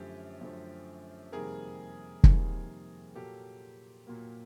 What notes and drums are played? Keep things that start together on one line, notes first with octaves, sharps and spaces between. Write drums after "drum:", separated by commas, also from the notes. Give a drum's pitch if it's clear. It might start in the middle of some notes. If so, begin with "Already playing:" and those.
Already playing: F#2 D3 F3 A3 G4
F#2 D3 F3 A3
F2 C3 D#3 G3 A#3 G#4 A#4
F2 C3 D#3 G3 A#3, drum: kick
A#2 F#3 A#3 G4 A4
A#2 F#3 A#3